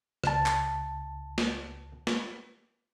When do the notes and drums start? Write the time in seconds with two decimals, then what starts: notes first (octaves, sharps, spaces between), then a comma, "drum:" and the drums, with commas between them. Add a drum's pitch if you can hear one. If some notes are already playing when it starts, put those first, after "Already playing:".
0.24 C#2 A5, drum: rim click
0.46 drum: clap
1.38 drum: snare
2.07 drum: snare